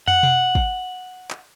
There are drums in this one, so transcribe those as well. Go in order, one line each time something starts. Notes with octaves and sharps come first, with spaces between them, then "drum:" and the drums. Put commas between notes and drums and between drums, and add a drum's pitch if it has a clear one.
F#5, drum: tom
drum: tom B2
drum: kick
drum: clap